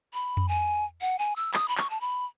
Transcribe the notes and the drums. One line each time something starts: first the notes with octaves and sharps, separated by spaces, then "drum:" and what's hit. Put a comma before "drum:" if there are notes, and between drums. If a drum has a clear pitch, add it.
B5
drum: tom F2
G#5
F#5
G#5
E6
D#6, drum: clap
B5
C#6, drum: clap
A5
B5